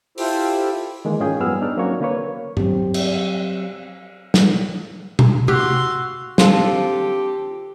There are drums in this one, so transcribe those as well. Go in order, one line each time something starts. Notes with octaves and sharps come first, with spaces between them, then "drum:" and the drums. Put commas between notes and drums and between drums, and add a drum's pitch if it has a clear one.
E4 F4 G4 A4 C5, drum: open hi-hat
D#3 E3 G#3 A#3
G#2 C#4 D#4 F4 G#4 G5
F#2 G3 B3 G#4 E6 F6
D4 D#4 D5 F6
F#3 A#3 C4 C#4 F#4 C#5
D3 A#3 B4 C#5
F#3 C4 G4, drum: tom G2
drum: cymbal
drum: snare
drum: tom
F#4 G4 F5 C6 E6 F#6, drum: tom
D3 C4 F4 G4 A4, drum: snare